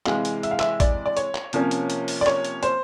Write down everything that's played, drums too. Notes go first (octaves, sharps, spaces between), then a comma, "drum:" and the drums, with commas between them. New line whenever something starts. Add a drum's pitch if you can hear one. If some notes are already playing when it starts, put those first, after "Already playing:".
C3 E3 G#3 F5, drum: clap
drum: hi-hat
E5, drum: hi-hat
F5
E5, drum: clap
D5, drum: kick, hi-hat
D5
C#5, drum: hi-hat
drum: clap
C3 F3 A#3 C#4, drum: hi-hat
drum: hi-hat
drum: hi-hat
drum: open hi-hat
D5
C#5, drum: clap
drum: hi-hat
C5, drum: hi-hat